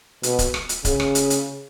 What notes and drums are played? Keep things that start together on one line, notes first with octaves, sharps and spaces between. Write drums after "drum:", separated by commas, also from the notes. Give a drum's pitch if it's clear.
B2, drum: hi-hat
drum: kick C#1, hi-hat
drum: rim click
drum: hi-hat
C#3, drum: kick C#1, hi-hat
drum: rim click
drum: hi-hat
drum: hi-hat